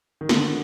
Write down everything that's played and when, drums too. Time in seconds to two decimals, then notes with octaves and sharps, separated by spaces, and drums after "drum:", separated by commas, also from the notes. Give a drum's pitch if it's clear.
0.21 D#3
0.29 D3, drum: snare